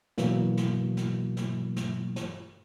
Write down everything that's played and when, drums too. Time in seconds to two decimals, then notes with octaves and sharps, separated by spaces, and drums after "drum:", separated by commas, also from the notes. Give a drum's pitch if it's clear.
0.18 B2 E3 F#3 A#3, drum: snare
0.57 drum: snare
0.97 drum: snare
1.37 drum: snare
1.76 drum: snare
2.16 drum: snare